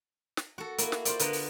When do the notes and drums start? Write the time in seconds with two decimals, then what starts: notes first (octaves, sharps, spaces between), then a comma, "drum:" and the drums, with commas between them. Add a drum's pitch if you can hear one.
0.37 drum: snare
0.58 F#4 A4
0.78 A#3 E4, drum: hi-hat
0.92 drum: snare
1.05 F4 C5 D5, drum: hi-hat
1.19 D3 B3 A#4 B4, drum: hi-hat
1.33 drum: open hi-hat